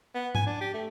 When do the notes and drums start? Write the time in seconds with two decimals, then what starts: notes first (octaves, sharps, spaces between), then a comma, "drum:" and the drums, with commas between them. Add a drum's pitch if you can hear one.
0.15 B3
0.35 G#5, drum: tom G#2
0.46 D4
0.61 G4
0.73 A3